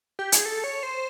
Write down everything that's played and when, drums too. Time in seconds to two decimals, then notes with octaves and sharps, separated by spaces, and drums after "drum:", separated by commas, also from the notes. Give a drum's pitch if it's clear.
0.19 G4
0.32 G#4, drum: hi-hat
0.45 A4
0.64 C#5
0.83 C5